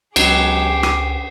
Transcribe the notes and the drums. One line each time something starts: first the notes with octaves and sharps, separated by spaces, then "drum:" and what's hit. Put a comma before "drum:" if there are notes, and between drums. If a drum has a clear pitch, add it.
C#2 F#3 G#3 B3 G4 G#4 C7 C#7, drum: cymbal
D6 D#7, drum: rim click